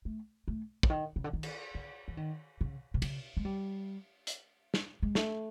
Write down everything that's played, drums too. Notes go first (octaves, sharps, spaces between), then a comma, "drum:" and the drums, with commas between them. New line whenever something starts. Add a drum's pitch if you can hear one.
A3
A3
D3, drum: kick
D#3
C#3
D3
D#3
drum: cymbal
D3
E3
D#3
C#3
C3
C#3, drum: cymbal
G#3
G3
drum: hi-hat
drum: snare
G#3
A3, drum: snare